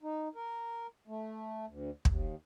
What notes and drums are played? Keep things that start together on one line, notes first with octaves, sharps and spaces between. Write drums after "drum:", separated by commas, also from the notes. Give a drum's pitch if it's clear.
D#4
A#4
A3
D2
D#2, drum: kick